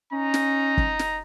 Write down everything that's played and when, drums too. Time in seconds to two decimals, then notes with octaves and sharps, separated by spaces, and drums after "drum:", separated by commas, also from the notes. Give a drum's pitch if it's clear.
0.12 C#4 D#4 A#5
0.34 drum: snare
0.77 drum: kick F#1
0.99 drum: snare